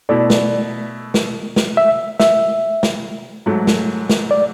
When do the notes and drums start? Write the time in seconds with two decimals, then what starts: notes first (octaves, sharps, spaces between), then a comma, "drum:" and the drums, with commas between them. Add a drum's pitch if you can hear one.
0.09 B2 A3 E4 D5
0.30 drum: snare
1.14 drum: snare
1.56 drum: snare
1.77 E5
2.20 E5, drum: snare
2.83 drum: snare
3.46 G#2 F#3 A3
3.67 drum: snare
4.09 drum: snare
4.31 D5